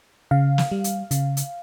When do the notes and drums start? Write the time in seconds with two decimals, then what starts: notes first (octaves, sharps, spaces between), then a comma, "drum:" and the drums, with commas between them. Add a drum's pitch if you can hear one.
0.31 C#3 F5
0.58 drum: snare
0.72 G3
0.84 drum: hi-hat
1.11 C#3, drum: hi-hat
1.37 drum: hi-hat